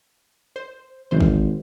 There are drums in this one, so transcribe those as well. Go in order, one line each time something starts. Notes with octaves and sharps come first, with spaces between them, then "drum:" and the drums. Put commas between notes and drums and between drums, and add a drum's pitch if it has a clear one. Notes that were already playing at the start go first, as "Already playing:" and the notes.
C5
G#1 C#3 E3 C5
drum: kick